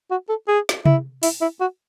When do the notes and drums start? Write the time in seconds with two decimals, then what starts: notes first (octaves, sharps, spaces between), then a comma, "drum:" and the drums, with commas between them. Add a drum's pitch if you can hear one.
0.11 F#4
0.29 A4
0.48 G#4
0.69 drum: snare
0.85 E4, drum: tom C3
1.23 E4, drum: open hi-hat
1.41 E4
1.61 F#4